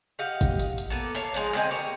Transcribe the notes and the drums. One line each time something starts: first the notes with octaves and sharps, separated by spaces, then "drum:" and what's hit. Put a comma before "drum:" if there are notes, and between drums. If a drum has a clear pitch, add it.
G4 D#5 F5 F#5
drum: kick G#1, hi-hat
drum: hi-hat
drum: hi-hat
A#3 B3 A4
C#5 F5 A5, drum: clap
D3 F3 G#3 D#4, drum: hi-hat
D3 C4 D#5 G#5, drum: clap
A#3 G4 C#5 A#5, drum: open hi-hat